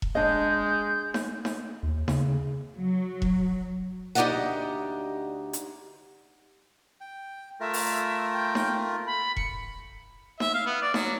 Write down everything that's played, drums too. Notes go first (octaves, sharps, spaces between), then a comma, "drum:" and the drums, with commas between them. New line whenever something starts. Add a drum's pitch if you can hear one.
drum: kick E1
G#3 D4 D#5 G6
drum: snare D#4
drum: snare D#4
D#2
C#3, drum: snare D#4
F#3
drum: kick E1
D2 D#4 G4 D5 D#5 F#5
drum: hi-hat
G5
A3 F4 A#4 E5
drum: open hi-hat
G5
drum: snare D#4
B5
C#7, drum: kick E1
E5, drum: snare D#4
F5
B3
D5
F#3, drum: snare D#4